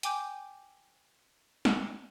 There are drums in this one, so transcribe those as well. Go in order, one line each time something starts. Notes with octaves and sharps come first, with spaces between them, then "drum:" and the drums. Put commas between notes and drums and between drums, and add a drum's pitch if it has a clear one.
G5 G#5 D6 G6, drum: hi-hat
drum: snare